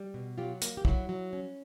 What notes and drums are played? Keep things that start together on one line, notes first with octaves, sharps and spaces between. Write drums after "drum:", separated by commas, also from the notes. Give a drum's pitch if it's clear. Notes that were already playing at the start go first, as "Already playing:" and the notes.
Already playing: G3
B2
F#3 F4 G4
A#3, drum: hi-hat
G4
F#3 E4 F#4, drum: kick
F#3
C#4